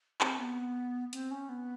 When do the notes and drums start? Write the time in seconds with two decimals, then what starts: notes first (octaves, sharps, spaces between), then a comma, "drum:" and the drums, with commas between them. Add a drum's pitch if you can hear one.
0.21 C4, drum: clap
0.39 B3
1.13 C4, drum: hi-hat
1.31 C#4
1.49 B3